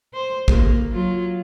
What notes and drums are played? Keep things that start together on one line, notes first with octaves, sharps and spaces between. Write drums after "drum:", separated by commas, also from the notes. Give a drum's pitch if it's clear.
C5
A#3, drum: kick
F#3 F4